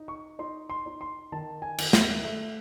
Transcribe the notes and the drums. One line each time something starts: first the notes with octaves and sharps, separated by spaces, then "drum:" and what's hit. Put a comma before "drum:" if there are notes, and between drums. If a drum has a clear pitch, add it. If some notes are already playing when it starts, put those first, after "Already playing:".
Already playing: D#4
C#6
D#4 C6
C6
D#4
C6
D#3 A5
G#5
D#3, drum: cymbal
E5, drum: snare
A3 E5